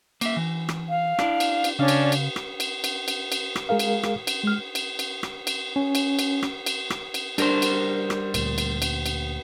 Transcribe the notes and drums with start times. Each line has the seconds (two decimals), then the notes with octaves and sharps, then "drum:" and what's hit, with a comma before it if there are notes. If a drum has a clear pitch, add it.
0.21 A#3 E5, drum: cymbal
0.37 E3
0.69 drum: rim click
0.86 F5
1.19 D4 E4, drum: rim click
1.40 drum: cymbal
1.64 drum: cymbal
1.79 C#3 C#4 D4 D5 F5
1.88 drum: cymbal
2.12 drum: cymbal
2.36 drum: rim click
2.60 drum: cymbal
2.84 drum: cymbal
3.08 drum: cymbal
3.32 drum: cymbal
3.56 drum: rim click
3.69 G#3 G#4 A#4 F5
3.79 drum: cymbal
4.03 drum: rim click
4.27 drum: cymbal
4.43 G#3 F6
4.75 drum: cymbal
4.99 drum: cymbal
5.23 drum: rim click
5.47 drum: cymbal
5.76 C#4
5.95 drum: cymbal
6.19 drum: cymbal
6.43 drum: rim click
6.66 drum: cymbal
6.90 drum: rim click
7.14 drum: cymbal
7.38 G3 D4 A#4 C5, drum: cymbal
7.62 drum: cymbal
8.10 drum: rim click
8.34 D2 A#2, drum: cymbal
8.58 drum: cymbal
8.82 drum: cymbal
9.06 drum: cymbal